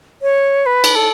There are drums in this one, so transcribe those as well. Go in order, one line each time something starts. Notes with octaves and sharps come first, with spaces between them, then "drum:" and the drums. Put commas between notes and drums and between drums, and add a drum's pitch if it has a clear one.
C#5
B4
drum: cymbal
A4